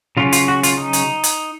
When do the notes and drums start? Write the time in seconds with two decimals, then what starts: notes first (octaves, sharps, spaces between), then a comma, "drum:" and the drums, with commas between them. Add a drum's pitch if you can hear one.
0.17 C#3 F#3 C#4 F4
0.32 F4, drum: hi-hat
0.48 F#4
0.63 F4, drum: hi-hat
0.77 D#4
0.93 drum: hi-hat
1.23 drum: hi-hat